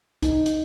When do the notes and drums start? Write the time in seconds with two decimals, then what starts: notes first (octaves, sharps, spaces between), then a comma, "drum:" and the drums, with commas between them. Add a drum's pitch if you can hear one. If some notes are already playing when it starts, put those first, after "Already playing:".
0.23 D#4, drum: kick, hi-hat
0.46 drum: hi-hat